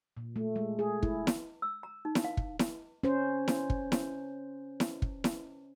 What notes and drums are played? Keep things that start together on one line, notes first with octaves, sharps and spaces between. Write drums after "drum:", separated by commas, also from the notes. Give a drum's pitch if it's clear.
A#2
A3
G#3
G#4
E4, drum: kick
drum: snare E4
E6
A#5
D#4
drum: snare E4
F5
drum: kick
drum: snare E4
C#4 C5
drum: snare E4
drum: kick
drum: snare E4
drum: snare E4
drum: kick
drum: snare E4